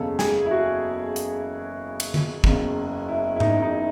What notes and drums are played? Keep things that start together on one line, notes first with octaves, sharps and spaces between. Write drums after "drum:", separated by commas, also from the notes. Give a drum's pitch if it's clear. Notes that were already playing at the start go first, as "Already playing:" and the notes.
Already playing: F#1 E2 C#3 A4
G#4, drum: snare
E4
F#4
drum: hi-hat
drum: cymbal
drum: tom D3
F#1 E2 C#3, drum: kick
E4
E4
D#4, drum: tom G#2
D#4
E4